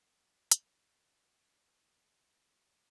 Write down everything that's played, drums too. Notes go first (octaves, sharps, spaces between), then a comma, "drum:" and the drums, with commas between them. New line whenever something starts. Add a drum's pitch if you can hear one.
F4 A#4 B4 E5, drum: hi-hat